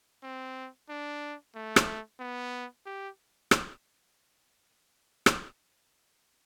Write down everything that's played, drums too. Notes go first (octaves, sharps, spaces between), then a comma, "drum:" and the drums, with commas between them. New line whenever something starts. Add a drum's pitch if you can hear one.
C4
D4
A3
drum: rim click
B3
G4
drum: rim click
drum: rim click